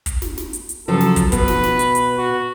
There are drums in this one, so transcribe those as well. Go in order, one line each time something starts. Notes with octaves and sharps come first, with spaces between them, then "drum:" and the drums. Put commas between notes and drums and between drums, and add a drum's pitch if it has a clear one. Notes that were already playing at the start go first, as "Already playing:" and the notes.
drum: kick, hi-hat
drum: snare
drum: snare
drum: hi-hat
drum: hi-hat
C#3 F3 F#3 A4
drum: snare
drum: kick, hi-hat
B2 B3 B4, drum: kick, hi-hat
drum: snare
drum: snare
drum: hi-hat
drum: hi-hat
F#4